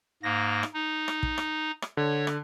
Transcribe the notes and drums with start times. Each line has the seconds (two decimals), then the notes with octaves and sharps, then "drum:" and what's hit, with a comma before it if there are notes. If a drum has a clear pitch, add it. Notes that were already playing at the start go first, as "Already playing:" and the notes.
0.23 G#2 A#3 A#6
0.63 drum: rim click
0.74 D#4
1.08 drum: rim click
1.23 drum: kick
1.38 drum: rim click
1.82 drum: rim click
1.97 D3 C#5
2.27 drum: rim click